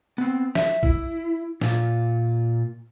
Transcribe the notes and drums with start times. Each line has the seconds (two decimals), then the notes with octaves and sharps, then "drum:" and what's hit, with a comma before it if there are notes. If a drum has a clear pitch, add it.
0.18 B3 C4
0.55 E5, drum: snare
0.83 E4, drum: kick B1
1.61 A#2 F4, drum: snare